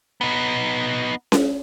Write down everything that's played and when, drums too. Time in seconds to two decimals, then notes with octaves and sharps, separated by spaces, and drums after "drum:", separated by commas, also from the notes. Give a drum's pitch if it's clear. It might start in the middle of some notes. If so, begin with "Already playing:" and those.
0.21 B3 D#4
1.32 drum: snare C#4